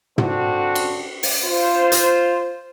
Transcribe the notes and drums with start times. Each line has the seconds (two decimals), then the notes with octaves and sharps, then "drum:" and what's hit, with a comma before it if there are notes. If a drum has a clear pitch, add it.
0.18 D3 C4 F#4, drum: tom
0.75 drum: cymbal
1.23 drum: open hi-hat
1.44 F4 C5
1.92 drum: hi-hat